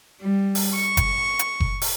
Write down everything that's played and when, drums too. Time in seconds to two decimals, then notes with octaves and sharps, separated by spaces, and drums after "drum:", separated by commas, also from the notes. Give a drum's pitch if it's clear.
0.20 G3
0.55 drum: open hi-hat
0.76 C#6
0.97 drum: kick F#1, hi-hat
1.39 drum: hi-hat
1.60 drum: kick F#1
1.81 drum: open hi-hat